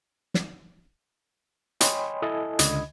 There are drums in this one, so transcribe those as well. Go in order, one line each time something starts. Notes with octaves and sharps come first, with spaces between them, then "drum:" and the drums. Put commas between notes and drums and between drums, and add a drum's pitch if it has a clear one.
drum: snare
C#5 D#5 G5 G#5 B5 C6, drum: hi-hat
E4 A4 D#5 G#5 A5
C#2 D3 D#5 B5 G#6, drum: hi-hat